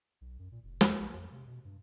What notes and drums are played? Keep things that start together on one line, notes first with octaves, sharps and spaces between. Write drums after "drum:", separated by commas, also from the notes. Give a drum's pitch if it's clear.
B1
F#2
A#2
F1
E2, drum: snare
A#1
F2
C3
B2
G2